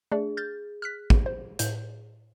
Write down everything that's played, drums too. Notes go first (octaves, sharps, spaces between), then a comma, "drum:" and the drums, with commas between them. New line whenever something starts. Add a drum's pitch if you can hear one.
A3 D4 G#4 D5
F6 G6 A6
F6 F#6 B6
drum: kick
C5
A2 G6, drum: hi-hat